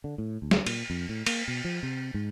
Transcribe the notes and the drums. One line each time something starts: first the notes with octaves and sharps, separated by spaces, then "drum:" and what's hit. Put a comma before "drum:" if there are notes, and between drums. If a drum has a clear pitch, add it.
D3
A2
D2
drum: snare
A#2, drum: cymbal
F2
A2
A#3, drum: cymbal
B2
F3
C3
G#2